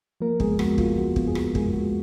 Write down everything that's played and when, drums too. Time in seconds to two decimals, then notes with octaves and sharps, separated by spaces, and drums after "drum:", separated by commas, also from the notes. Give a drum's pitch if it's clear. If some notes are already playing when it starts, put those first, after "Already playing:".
0.20 F3 A#3 A#4
0.40 G#3 B3 G#4, drum: kick
0.59 F2 F#4, drum: rim click
0.78 F2 F4, drum: kick
0.97 F3 F#4
1.16 B3, drum: kick
1.27 G#4
1.35 F2 F#4, drum: rim click
1.55 F2 G#3 G#4, drum: kick
1.73 F3 F#4